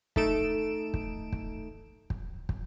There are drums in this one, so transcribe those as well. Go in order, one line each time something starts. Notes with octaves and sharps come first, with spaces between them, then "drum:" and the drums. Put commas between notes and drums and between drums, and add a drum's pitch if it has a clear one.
A3 D#4 A4 D7 E7, drum: kick
drum: kick
drum: kick
drum: kick
drum: kick